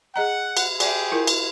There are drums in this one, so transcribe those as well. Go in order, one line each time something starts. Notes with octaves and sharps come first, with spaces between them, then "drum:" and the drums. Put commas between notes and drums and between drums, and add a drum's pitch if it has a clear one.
G#4 D#5 F#5 A#5
drum: cymbal
G4 G#4 D5 E5, drum: cymbal
E4 F4 A#4
drum: cymbal